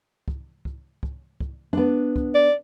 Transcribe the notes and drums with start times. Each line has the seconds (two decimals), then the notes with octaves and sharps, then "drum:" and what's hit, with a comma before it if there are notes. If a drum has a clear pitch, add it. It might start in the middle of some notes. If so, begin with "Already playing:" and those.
0.28 drum: kick
0.65 drum: kick
1.03 drum: kick
1.40 drum: kick
1.73 B3 D4
2.16 drum: kick
2.35 D5